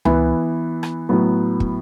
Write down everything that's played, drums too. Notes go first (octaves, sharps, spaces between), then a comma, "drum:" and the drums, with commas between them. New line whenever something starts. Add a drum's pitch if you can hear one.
E3 B3 E4, drum: tom C#2
drum: rim click
A2 F#3 B3
drum: kick